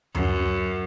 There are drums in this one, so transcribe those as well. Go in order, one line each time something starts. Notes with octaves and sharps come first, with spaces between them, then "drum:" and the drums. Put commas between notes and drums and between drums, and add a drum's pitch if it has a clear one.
F#2, drum: tom D2